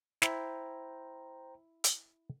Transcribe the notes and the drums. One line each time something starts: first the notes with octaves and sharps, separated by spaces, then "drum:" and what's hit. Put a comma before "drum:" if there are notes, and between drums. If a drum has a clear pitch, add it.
E4 C5 G5 A#5, drum: snare
drum: hi-hat